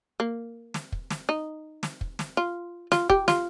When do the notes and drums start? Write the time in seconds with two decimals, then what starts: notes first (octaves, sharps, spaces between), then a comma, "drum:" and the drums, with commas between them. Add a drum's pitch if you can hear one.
0.20 A#3
0.74 drum: snare
0.92 drum: kick
1.10 drum: snare
1.29 D#4
1.83 drum: snare
2.01 drum: kick
2.19 drum: snare
2.37 F4
2.92 F4, drum: snare
3.10 G4, drum: kick
3.28 F4, drum: snare